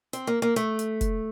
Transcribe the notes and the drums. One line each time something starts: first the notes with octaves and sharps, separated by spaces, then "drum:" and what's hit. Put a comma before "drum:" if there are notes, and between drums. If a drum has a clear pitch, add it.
C4, drum: hi-hat
A#3
A#3
A3, drum: hi-hat
drum: hi-hat
drum: kick, hi-hat